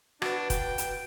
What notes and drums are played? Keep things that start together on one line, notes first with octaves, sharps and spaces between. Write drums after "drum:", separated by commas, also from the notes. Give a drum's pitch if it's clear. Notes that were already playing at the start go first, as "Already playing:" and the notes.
D4 F#4 B4, drum: rim click
G5, drum: kick F1, hi-hat
drum: hi-hat